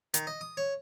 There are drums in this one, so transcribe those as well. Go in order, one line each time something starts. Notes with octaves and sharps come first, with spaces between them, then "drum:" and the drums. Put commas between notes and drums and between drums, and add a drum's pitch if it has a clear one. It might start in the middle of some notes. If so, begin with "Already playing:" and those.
D#3, drum: hi-hat
D#5
D#6
C#5